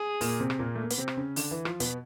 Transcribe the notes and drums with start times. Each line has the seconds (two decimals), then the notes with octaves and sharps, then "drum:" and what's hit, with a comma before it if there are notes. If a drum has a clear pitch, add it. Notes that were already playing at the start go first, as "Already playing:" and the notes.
Already playing: G#4
0.21 A#2 A#3, drum: open hi-hat
0.40 C3 C4
0.50 drum: rim click
0.59 A#2 A#3
0.75 A3
0.83 A#3
0.90 B3, drum: hi-hat
0.98 C3 C4
1.08 drum: rim click
1.17 C#3 C#4
1.36 D3 D4, drum: open hi-hat
1.51 E3 E4
1.65 F3 F4, drum: rim click
1.80 B2 B3, drum: hi-hat